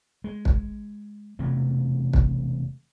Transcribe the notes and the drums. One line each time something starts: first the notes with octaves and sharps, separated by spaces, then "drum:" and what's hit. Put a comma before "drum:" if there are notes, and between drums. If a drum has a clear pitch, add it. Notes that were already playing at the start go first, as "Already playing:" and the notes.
G#3
drum: kick
E1 C3 E3 A3
drum: kick